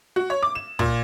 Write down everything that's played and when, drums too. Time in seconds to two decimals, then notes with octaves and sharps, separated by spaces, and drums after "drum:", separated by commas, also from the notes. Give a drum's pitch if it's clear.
0.16 F#4
0.30 C#5
0.43 D6
0.55 E7
0.79 A#2, drum: kick